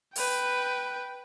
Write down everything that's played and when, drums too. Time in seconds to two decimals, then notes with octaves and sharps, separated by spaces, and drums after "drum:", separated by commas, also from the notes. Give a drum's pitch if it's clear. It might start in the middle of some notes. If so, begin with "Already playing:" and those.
0.16 B4 G5, drum: open hi-hat